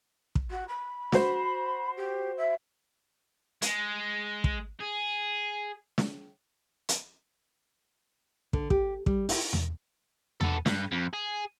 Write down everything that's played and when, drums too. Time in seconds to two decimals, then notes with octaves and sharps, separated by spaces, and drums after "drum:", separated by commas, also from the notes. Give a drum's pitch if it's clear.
0.35 drum: kick
0.50 F#4
0.68 B5
1.12 F#4 C5, drum: snare
1.96 G4
2.37 E5
3.62 G#3, drum: hi-hat
4.44 drum: kick
4.80 G#4
5.98 drum: snare
6.89 drum: hi-hat
8.53 D3, drum: kick
8.70 G4, drum: kick
9.06 G3, drum: kick
9.29 E4, drum: open hi-hat
9.53 drum: tom E2
10.41 B3 A4, drum: tom E2
10.66 G2, drum: snare
10.92 F2
11.14 G#4